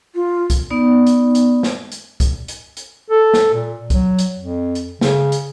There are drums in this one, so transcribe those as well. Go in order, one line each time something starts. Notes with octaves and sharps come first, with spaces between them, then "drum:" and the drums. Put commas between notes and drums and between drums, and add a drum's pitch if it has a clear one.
F4
drum: kick C2, hi-hat
B3 D#4 D5
drum: hi-hat
drum: hi-hat
drum: snare
drum: hi-hat
drum: kick C2, hi-hat
drum: hi-hat
drum: hi-hat
A4
drum: snare
A#2
F#3, drum: kick C2, hi-hat
drum: hi-hat
F2
drum: hi-hat
C#3, drum: snare
drum: hi-hat